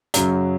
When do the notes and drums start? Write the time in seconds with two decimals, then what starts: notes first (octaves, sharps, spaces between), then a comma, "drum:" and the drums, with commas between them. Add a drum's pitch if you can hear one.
0.14 F#2 C#3 F#3, drum: hi-hat